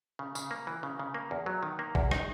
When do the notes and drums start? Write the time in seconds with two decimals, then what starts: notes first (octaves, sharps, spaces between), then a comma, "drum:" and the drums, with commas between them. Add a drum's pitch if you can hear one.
0.19 C#3
0.35 C#3, drum: tambourine
0.51 A#3
0.67 E3
0.83 C#3
0.99 C#3
1.14 A#3
1.31 E2
1.46 F#3
1.63 D#3
1.79 A#3
1.95 E2, drum: kick
2.11 D#4, drum: rim click